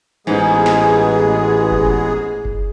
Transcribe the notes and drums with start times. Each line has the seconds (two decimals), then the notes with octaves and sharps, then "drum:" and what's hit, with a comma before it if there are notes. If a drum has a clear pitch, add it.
0.27 A1 G#2 G#3 B3 G#4
0.66 drum: snare
1.71 drum: kick F#1
2.45 drum: kick F#1